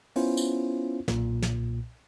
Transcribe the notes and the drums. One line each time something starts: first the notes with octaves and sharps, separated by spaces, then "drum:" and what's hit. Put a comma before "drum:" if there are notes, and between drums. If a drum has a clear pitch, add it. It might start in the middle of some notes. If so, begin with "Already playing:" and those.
B3 C#4 E4 F4 C5, drum: open hi-hat
drum: tambourine
B1 A#2, drum: snare
drum: snare